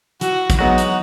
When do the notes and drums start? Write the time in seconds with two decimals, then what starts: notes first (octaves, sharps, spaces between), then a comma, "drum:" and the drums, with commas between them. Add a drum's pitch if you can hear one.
0.21 E3 F#4, drum: hi-hat
0.50 drum: kick, hi-hat
0.59 F#3 G#3 B3 D#4 F#4
0.78 drum: hi-hat